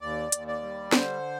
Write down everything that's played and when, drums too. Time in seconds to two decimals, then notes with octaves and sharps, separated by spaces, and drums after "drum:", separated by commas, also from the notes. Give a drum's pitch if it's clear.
0.01 D#2 D5
0.32 D#2, drum: hi-hat
0.48 D5
0.62 G3
0.92 D3 C5, drum: snare